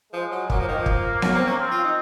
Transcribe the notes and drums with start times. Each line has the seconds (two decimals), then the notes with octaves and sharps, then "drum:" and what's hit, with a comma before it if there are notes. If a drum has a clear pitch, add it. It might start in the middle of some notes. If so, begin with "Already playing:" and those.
0.13 F3 G#3
0.31 F#3
0.50 F#3 A#3, drum: kick
0.59 F3
0.68 D#3
0.77 F3
0.86 drum: kick
1.22 F#3, drum: snare B3
1.35 C4
1.47 C#4
1.59 C4
1.71 F4
1.84 D#4